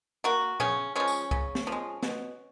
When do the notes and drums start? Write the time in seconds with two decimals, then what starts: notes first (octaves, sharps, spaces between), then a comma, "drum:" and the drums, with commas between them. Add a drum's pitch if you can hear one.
0.24 A#3 F#4
0.60 C#3 C#4, drum: tom A#2
0.95 F3 G#3 C#4
1.08 drum: tambourine
1.31 C#3, drum: kick
1.55 drum: snare
1.67 F3
1.72 G#3
2.03 B2, drum: snare